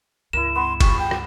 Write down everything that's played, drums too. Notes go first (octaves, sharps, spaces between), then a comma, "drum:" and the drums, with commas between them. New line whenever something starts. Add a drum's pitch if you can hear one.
C#2 G2 E4 A#4 E7
B3 B4 C6 C#6
F4 G4 G#4 C#6, drum: kick, cymbal
G5
drum: rim click